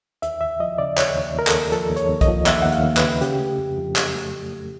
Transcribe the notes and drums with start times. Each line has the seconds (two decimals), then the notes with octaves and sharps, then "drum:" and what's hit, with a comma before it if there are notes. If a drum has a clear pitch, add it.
0.22 D#2 E5, drum: hi-hat
0.40 D#2 E5
0.60 F3 D#5
0.78 C#3 D5
0.98 D#2 C#5, drum: clap
1.15 D#2
1.35 D#2 A#4
1.47 A4, drum: clap
1.53 D#2
1.72 F3 A4, drum: hi-hat
1.90 D#2
1.96 C#5, drum: hi-hat
2.10 D#2
2.21 D#5, drum: kick B1, hi-hat
2.28 F3
2.46 D#2 E5, drum: clap
2.62 D#2 F#5
2.72 F5, drum: hi-hat
2.83 D#2
2.97 B4, drum: clap
3.03 C#3
3.21 C#3 G4, drum: hi-hat
3.40 A3
3.58 F2
3.77 F2
3.96 F#3, drum: clap
4.15 A3
4.33 A3
4.53 A3